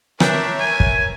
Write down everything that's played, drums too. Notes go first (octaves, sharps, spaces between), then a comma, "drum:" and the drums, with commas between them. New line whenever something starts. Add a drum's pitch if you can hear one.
D4 A#4 B4 C#5 E5 G6, drum: rim click
G#5
drum: kick